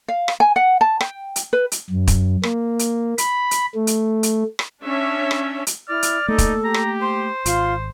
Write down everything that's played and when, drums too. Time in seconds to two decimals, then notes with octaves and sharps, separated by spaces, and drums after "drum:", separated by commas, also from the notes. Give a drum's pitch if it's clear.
0.08 F5
0.28 drum: rim click
0.40 G#5
0.56 F#5
0.81 A5
1.01 G5, drum: rim click
1.36 drum: hi-hat
1.53 B4
1.72 drum: hi-hat
1.90 F#2
2.07 drum: kick, hi-hat
2.43 A#3, drum: rim click
2.79 drum: hi-hat
3.18 B5, drum: hi-hat
3.51 drum: hi-hat
3.75 A3
3.87 drum: hi-hat
4.23 drum: hi-hat
4.59 drum: rim click
4.84 C#4 D4 C#5 E5
5.31 drum: rim click
5.67 drum: hi-hat
5.89 E4 D5 F6
6.03 drum: hi-hat
6.28 A3 A#3 D#4 A4
6.38 drum: kick, hi-hat
6.64 G4 A#5
6.74 drum: rim click
7.02 C5 C6
7.46 G#1 F4 C6, drum: hi-hat